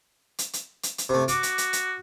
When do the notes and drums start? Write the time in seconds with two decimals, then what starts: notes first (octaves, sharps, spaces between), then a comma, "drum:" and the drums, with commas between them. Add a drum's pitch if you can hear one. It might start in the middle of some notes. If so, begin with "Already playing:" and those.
0.38 drum: hi-hat
0.53 drum: hi-hat
0.83 drum: hi-hat
0.98 drum: hi-hat
1.09 C3 A3
1.28 F#4 D6, drum: hi-hat
1.43 drum: hi-hat
1.58 drum: hi-hat
1.73 drum: hi-hat